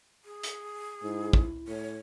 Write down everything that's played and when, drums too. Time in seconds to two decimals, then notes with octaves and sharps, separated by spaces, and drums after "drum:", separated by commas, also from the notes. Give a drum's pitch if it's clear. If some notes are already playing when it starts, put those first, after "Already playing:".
0.25 G#4
0.43 drum: hi-hat
1.03 G#2 E4
1.33 drum: kick
1.68 A2 C#5